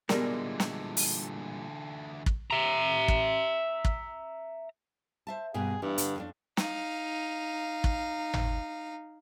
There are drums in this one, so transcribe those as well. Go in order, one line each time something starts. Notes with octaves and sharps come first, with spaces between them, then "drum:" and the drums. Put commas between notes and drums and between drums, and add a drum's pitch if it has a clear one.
A#2 D3 E3 G3 G#3 B3 G4 A#4, drum: snare
drum: snare
drum: open hi-hat
drum: kick
E5 A#5
drum: kick
drum: kick
C5 E5 A5
G2 B2 A#3 G#4
G2 E3
D3, drum: hi-hat
F2 C#4 D4
D#4 F5, drum: snare
drum: kick
drum: tom G#1